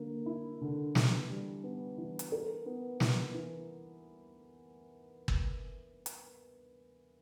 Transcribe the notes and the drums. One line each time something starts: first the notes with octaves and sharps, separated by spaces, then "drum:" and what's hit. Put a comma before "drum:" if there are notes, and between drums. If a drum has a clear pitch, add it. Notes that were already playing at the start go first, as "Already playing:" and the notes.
Already playing: D3 A#3
E4
D3
E3, drum: snare
G3
B3
E3
drum: hi-hat
A#4
B3
E4, drum: snare
E3
drum: kick G1
drum: hi-hat